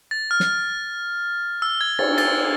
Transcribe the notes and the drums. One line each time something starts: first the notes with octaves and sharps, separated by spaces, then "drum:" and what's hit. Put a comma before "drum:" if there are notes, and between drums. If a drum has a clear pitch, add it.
A6
F6
drum: snare
E6
G#6
A6, drum: cymbal
A6, drum: cymbal